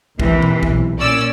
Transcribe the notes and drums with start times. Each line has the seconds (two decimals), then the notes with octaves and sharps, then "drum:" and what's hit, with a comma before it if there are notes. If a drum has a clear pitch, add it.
0.20 D#2 C3 E3, drum: kick
0.42 drum: tom A#2
0.63 B1, drum: kick
0.97 A#2 C#4 D5 E6